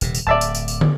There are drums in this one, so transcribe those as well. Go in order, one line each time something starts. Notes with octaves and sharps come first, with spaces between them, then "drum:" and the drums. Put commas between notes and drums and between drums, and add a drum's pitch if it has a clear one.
D#1 C3, drum: tambourine
drum: tambourine
D1 D5 E5 A5
drum: tambourine
drum: tambourine
drum: tambourine
drum: tom